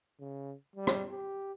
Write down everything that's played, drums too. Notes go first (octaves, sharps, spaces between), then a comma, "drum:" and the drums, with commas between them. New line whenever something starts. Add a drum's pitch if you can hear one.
C#3
G3
drum: rim click
G4